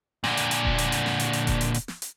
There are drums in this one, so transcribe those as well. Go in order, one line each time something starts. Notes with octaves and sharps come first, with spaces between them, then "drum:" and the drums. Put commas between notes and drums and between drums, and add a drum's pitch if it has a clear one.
A#2 D3, drum: snare
drum: hi-hat
drum: hi-hat
drum: kick D#1
drum: hi-hat
drum: hi-hat
drum: snare
drum: hi-hat
drum: hi-hat
drum: kick D#1, hi-hat
drum: hi-hat
drum: hi-hat
drum: snare
drum: hi-hat